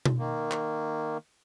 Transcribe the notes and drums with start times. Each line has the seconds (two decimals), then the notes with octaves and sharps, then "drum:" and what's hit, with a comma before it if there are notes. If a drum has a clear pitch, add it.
0.05 drum: tom B2
0.18 D#3 A#3
0.51 drum: clap